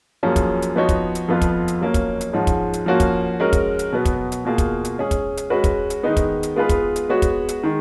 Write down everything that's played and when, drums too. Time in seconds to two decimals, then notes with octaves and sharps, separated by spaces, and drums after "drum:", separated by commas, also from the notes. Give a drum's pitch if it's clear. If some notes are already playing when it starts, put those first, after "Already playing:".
0.23 F#2 F3 A#3 C#4 G#4
0.36 drum: kick, hi-hat
0.62 drum: hi-hat
0.76 F3 B3 D#4 F#4 C#5
0.89 drum: kick, hi-hat
1.15 drum: hi-hat
1.28 F2 F3 B3 F4
1.41 drum: kick, hi-hat
1.68 drum: hi-hat
1.81 F#3 A#3 C#4
1.94 drum: kick, hi-hat
2.21 drum: hi-hat
2.33 G#2 F3 G#3 C#4
2.47 drum: kick, hi-hat
2.73 drum: hi-hat
2.86 F3 A#3 C#4 F#4
3.00 drum: kick, hi-hat
3.40 G#3 C#4 F#4 A#4
3.53 drum: kick, hi-hat
3.79 drum: hi-hat
3.92 B2 F#3 B3
4.05 drum: kick, hi-hat
4.32 drum: hi-hat
4.45 B2 A#3 F4 G#4
4.58 drum: kick, hi-hat
4.85 drum: hi-hat
4.98 G#3 C#4 G#4
5.11 drum: kick, hi-hat
5.37 drum: hi-hat
5.50 G#3 C#4 F#4 B4
5.64 drum: kick, hi-hat
5.90 drum: hi-hat
6.03 D#3 G#3 B3 D#4
6.17 drum: kick, hi-hat
6.43 drum: hi-hat
6.56 G#3 B3 F4 G#4 B4
6.69 drum: kick, hi-hat
6.96 drum: hi-hat
7.09 G#3 B3 F#4 C#5
7.22 drum: kick, hi-hat
7.49 drum: hi-hat
7.63 D#3 G#3